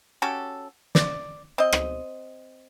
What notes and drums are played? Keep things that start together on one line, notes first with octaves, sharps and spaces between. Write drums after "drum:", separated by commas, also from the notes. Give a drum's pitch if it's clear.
C#4 F#4 G4 A4
D5, drum: snare
C4 D#5
drum: rim click